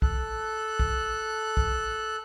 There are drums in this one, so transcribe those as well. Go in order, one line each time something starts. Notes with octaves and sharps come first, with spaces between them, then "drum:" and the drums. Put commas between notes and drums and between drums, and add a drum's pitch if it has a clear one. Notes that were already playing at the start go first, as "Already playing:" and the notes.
A4 F#6, drum: kick
drum: kick
drum: kick